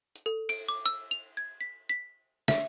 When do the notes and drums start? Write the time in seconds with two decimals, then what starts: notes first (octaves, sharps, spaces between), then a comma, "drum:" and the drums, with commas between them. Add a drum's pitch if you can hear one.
0.16 drum: hi-hat
0.26 A4
0.49 D7, drum: cymbal
0.69 D6
0.86 E6
1.11 F7
1.37 G#6
1.61 B6
1.89 B6
2.48 E5, drum: snare